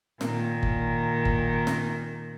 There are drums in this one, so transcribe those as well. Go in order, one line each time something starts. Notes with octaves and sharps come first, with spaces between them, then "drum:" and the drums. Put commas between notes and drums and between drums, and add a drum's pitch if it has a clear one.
A#2 D#3, drum: snare
drum: kick F#1
drum: kick F#1
drum: snare